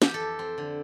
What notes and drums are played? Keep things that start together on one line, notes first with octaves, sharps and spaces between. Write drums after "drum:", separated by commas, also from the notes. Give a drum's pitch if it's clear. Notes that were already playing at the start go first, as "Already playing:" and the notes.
E3 G4, drum: snare
A4
F2
C4
D3